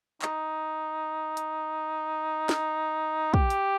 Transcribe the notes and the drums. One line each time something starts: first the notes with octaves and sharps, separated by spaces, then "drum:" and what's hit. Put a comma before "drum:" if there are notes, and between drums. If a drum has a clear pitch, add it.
D#4, drum: clap
drum: hi-hat
drum: snare
G4, drum: kick
drum: hi-hat